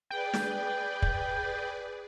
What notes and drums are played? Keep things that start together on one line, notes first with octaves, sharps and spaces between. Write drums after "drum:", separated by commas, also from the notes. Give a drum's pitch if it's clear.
G#4 B4 D5 G5
drum: snare
drum: kick